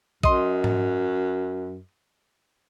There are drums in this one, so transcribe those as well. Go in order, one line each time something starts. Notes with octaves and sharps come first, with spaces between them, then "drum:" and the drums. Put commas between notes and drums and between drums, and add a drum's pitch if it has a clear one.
F#2 D#5 C6, drum: kick A#1
drum: tom G#2